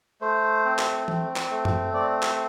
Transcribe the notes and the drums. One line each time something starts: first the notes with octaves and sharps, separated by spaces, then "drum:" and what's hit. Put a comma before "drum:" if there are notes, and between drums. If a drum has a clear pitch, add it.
A3 C5
C4
drum: clap
C4, drum: tom E3
drum: clap
A3
drum: tom F#2
C4 D5
drum: clap